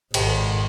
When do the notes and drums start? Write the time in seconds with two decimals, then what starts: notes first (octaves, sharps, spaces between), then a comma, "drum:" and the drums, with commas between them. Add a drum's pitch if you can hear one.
0.14 G#1, drum: cymbal